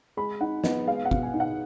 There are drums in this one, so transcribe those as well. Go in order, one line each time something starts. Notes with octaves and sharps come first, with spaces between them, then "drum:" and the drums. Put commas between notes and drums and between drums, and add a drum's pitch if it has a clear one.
G#3 B5
D#4 F#5
B3 D#5, drum: snare
G#3 F5
F#5
B2, drum: kick
G#5
D#4
F#5